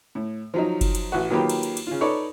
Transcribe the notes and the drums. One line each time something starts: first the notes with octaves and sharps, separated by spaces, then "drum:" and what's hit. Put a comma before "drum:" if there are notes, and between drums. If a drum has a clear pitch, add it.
A2
F3 F#3 D#4
drum: kick F#1, cymbal
drum: cymbal
A1 F#4
D#3 F#3 A#3 F4 G4 B4
drum: cymbal
drum: cymbal
drum: cymbal
C#3 F4
D#4 A4 B4 C#5 D5